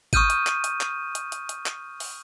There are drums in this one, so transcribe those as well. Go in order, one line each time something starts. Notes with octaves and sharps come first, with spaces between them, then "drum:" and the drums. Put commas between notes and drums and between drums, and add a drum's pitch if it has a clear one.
C#6 D#6 F6 G6 D#7, drum: kick G#1, hi-hat
drum: hi-hat
drum: clap
drum: hi-hat
drum: clap
drum: hi-hat
drum: hi-hat
drum: hi-hat
drum: clap
drum: open hi-hat